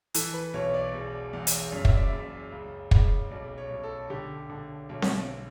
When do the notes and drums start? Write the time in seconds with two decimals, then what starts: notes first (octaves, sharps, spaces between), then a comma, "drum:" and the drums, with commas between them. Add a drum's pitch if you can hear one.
0.14 E3 A4, drum: hi-hat
0.34 B4
0.54 B1 C#5
0.74 D5
0.94 E1
1.33 E2
1.47 drum: hi-hat
1.72 F#2
1.85 E5, drum: kick
1.96 D5
2.07 F#1 E5
2.52 C#2
2.91 C#2, drum: kick
3.31 B1 D5
3.58 C#5
3.70 B1
3.83 A4
4.10 D3 G4
4.50 D3
4.89 B1
5.02 drum: snare C4